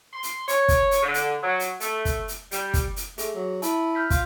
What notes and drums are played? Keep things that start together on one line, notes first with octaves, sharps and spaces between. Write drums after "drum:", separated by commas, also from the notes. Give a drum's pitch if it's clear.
C6
drum: hi-hat
C#5, drum: hi-hat
drum: kick, hi-hat
drum: hi-hat
D3
drum: hi-hat
F#3
drum: hi-hat
A3, drum: hi-hat
drum: kick, hi-hat
drum: hi-hat
G3, drum: hi-hat
drum: kick, hi-hat
drum: hi-hat
A3 G#4, drum: hi-hat
F#3
E4 A5, drum: hi-hat
F6 G6 B6
F4, drum: kick, hi-hat